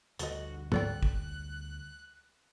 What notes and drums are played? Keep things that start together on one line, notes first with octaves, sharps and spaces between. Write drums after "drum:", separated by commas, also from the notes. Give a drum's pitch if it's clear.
D2 D3 G3 A3 F#4 D#5, drum: hi-hat
A4 D5 G5 F#6, drum: tom
drum: kick